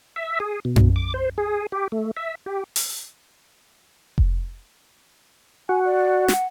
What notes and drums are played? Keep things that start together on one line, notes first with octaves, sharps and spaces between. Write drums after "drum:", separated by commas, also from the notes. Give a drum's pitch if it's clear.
E5
G#4
B2
drum: tom F#2
D6
C5
G#4
G4
A3
E5
G4
drum: open hi-hat
drum: kick F1
F#4 G#5
D5
F#5, drum: snare